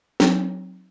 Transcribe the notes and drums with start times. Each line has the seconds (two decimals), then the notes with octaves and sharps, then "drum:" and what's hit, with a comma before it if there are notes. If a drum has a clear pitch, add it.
0.20 F#3 C4 D#4, drum: snare